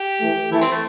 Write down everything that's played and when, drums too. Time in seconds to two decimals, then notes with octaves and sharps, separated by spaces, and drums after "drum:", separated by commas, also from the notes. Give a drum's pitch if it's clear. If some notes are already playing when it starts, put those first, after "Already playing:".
Already playing: G4
0.21 E3 A3
0.51 E3 A3 E4
0.61 C4, drum: hi-hat
0.72 A3